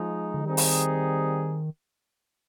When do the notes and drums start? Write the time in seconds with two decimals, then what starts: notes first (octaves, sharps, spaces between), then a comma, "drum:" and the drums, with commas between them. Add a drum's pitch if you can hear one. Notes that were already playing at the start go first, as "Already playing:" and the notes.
Already playing: F3 G#3 D#4
0.34 D3
0.45 D#3 G3 C4 D#4 G#4
0.57 drum: open hi-hat